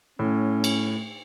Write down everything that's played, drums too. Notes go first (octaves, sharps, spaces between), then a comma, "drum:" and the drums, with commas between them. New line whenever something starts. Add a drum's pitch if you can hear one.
A2 C#4
drum: cymbal